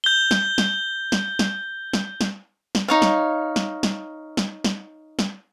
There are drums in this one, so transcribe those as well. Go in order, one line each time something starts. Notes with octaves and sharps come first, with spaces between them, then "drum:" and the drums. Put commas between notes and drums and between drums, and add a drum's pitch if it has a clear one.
G6 G7
drum: snare
drum: snare
drum: snare
drum: snare
drum: snare
drum: snare
drum: snare
D#4 C#5 F5
drum: snare
drum: snare
drum: snare
drum: snare
drum: snare
drum: snare